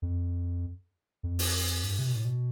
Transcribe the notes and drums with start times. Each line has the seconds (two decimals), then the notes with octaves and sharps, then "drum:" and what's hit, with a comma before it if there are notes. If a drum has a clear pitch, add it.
0.02 F2
1.23 F2
1.39 drum: open hi-hat
1.84 G2
1.99 C3
2.08 B2
2.16 A2
2.25 B2